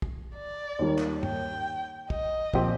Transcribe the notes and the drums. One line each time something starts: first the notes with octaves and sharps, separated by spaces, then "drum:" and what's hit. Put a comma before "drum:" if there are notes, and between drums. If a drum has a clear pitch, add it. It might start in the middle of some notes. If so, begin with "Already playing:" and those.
drum: kick
D5
D#2 D#3 G3 A#3
drum: clap
G5, drum: tom
D#5, drum: kick
A#2 F3 C4 G4, drum: kick